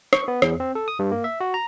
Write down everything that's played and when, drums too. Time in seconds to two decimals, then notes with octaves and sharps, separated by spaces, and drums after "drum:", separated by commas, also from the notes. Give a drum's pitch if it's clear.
0.13 C#6, drum: rim click
0.28 B3
0.42 E2, drum: rim click
0.60 C4
0.75 A4
0.88 D#6
0.99 G2
1.12 A#3
1.24 E5
1.40 F#4
1.54 A#5